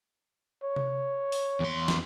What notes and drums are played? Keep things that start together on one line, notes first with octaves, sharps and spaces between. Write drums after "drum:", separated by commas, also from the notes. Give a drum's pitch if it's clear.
C#5
drum: tom C3
drum: open hi-hat
E2 C6
drum: snare